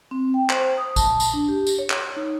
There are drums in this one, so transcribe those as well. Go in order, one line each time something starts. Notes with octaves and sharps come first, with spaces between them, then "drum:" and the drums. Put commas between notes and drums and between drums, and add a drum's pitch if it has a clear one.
C4
G5
C5, drum: clap
D#6
A5, drum: kick A1, tambourine
drum: tambourine
D4
G4
drum: tambourine
C#5
drum: clap
D#4